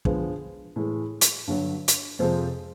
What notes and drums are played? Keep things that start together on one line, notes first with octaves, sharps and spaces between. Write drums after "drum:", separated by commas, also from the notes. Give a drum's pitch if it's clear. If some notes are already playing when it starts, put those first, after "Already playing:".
D3 F3 G#3 B3, drum: kick
A2 E3 G#3
drum: hi-hat
G2 D3 F#3
drum: hi-hat
F2 C3 F3 G#3 C4